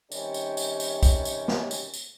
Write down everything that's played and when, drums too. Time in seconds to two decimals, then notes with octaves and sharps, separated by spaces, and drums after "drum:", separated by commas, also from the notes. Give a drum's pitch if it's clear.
0.12 C3 D#3 G3 C#4, drum: tambourine
0.34 drum: tambourine
0.57 drum: tambourine
0.80 drum: tambourine
1.03 drum: kick, tambourine
1.25 drum: tambourine
1.48 drum: snare
1.71 drum: tambourine
1.94 drum: tambourine